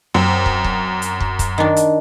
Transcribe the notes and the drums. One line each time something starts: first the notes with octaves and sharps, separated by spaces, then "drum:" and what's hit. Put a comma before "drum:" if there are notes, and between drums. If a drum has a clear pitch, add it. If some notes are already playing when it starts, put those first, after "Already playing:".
F#2 C4
drum: kick
drum: kick
drum: hi-hat
drum: kick
drum: kick, hi-hat
D#3 D4
drum: hi-hat